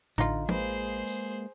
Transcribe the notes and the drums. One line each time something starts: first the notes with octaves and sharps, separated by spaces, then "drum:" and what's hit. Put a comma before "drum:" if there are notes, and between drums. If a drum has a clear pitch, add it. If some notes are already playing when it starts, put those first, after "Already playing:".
A1 D3 D#4 F4, drum: tom A2
G#3 A#3 G#4 B4 C5, drum: tom
drum: tambourine